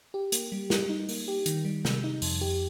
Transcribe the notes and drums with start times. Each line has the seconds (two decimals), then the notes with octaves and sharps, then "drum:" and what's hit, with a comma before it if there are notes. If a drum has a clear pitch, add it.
0.14 G4
0.32 A#3, drum: hi-hat
0.52 G3
0.70 G3, drum: snare
0.89 D#4
1.09 A#3, drum: open hi-hat
1.28 G4
1.46 D#3, drum: hi-hat
1.65 G3
1.85 C3, drum: snare
2.04 D#4
2.22 F2, drum: open hi-hat
2.41 G4